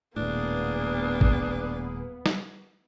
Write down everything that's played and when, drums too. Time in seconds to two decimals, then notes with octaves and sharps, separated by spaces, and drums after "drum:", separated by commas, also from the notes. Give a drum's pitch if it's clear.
0.17 D#1 A2 A#3 B3 D4 G#4
1.21 drum: kick G#1
2.26 drum: snare